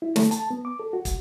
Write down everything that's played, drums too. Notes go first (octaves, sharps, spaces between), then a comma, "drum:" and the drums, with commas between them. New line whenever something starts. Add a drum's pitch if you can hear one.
E4
A3, drum: snare
A5, drum: hi-hat
B3
D6
A4
F#4
drum: kick, hi-hat